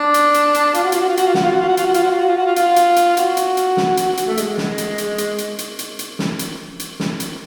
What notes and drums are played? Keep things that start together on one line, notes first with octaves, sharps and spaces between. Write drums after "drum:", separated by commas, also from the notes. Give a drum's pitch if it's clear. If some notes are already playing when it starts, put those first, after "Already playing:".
Already playing: D4
drum: hi-hat
drum: hi-hat
drum: hi-hat
F4, drum: hi-hat
F#4
F4, drum: hi-hat
F#4
F4
F#4, drum: hi-hat
F4
F#4, drum: snare
F4
F#4
F4
F#4
F4, drum: hi-hat
F#4
F4, drum: hi-hat
F#4
F4
F#4
F4
F#4
F4
F4, drum: hi-hat
drum: hi-hat
drum: hi-hat
F#4, drum: hi-hat
drum: hi-hat
drum: hi-hat
drum: snare
drum: hi-hat
drum: hi-hat
A3
G#3, drum: hi-hat
drum: snare
drum: hi-hat
drum: hi-hat
drum: hi-hat
drum: hi-hat
drum: hi-hat
drum: hi-hat
drum: hi-hat
drum: snare
drum: hi-hat
drum: hi-hat
drum: snare
drum: hi-hat